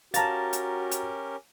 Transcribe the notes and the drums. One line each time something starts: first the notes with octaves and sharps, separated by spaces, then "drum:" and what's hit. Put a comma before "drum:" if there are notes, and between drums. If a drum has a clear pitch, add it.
C#4 F#4 G4 A#4 F5 A5 A#5 A6, drum: hi-hat
drum: hi-hat
drum: hi-hat